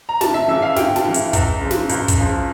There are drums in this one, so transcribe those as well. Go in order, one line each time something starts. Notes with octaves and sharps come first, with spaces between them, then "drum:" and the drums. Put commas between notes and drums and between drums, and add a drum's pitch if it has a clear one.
A#5
D2 A5, drum: snare
E5
C#3 E3 E5
F5
D2 G5, drum: snare
A5, drum: snare
C#3 E3
drum: hi-hat
C#2, drum: kick, hi-hat
C#3 F3
drum: snare
C#2, drum: hi-hat
drum: kick, hi-hat
C#3 F3